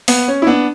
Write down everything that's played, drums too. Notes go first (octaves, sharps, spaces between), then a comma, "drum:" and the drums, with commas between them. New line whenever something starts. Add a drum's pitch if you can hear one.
B3, drum: open hi-hat
C#4
E4
B3 D4